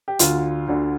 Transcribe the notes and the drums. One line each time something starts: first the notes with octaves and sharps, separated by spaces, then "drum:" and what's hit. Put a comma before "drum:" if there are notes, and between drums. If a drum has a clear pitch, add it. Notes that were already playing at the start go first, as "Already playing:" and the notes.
G4
D2 D3 F4, drum: hi-hat
D2 D3